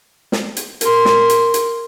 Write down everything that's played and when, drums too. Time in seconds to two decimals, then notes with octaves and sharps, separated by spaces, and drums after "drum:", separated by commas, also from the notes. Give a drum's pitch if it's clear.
0.32 drum: snare
0.57 drum: hi-hat
0.81 A#4 C6, drum: hi-hat
1.05 drum: snare
1.30 drum: hi-hat
1.54 drum: hi-hat